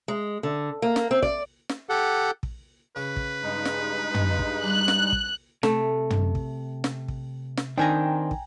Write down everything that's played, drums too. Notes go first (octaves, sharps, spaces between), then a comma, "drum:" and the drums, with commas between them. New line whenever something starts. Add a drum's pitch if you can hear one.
G#3
D3
A#3
drum: snare
C4
D5, drum: kick
drum: snare
G4 A4 F#5
drum: kick
C#3 B4
drum: kick
G2 G#3 D#4
drum: snare
drum: tom
drum: kick
G3 F#6
drum: snare
drum: kick
C3 A3, drum: snare
drum: tom
drum: kick
drum: snare
drum: kick
drum: snare
D#3 C4 D4 D#4 G5 G#5 A#5
drum: kick